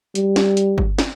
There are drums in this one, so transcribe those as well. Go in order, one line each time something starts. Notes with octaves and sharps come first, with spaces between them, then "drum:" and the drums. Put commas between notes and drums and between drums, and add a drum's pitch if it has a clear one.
G3, drum: hi-hat
drum: snare
drum: hi-hat
drum: kick G1
drum: snare